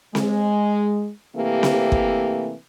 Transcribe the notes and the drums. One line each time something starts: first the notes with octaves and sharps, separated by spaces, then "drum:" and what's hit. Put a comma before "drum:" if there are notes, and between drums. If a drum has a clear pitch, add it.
G#3, drum: snare C4
C3 E3 A3 A#3 G4
drum: snare C4
drum: kick